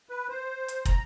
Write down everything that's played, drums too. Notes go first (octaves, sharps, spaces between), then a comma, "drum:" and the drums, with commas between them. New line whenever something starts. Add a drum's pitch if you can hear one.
B4
C5
drum: hi-hat
A#5, drum: kick, hi-hat